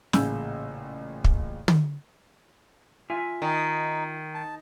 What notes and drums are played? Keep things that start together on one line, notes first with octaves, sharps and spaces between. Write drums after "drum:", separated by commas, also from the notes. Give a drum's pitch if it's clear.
A1 A#2 C#3 G#5 E6 G6, drum: snare
drum: kick
drum: tom
F4 E5 G#5
D#3 D#4
A5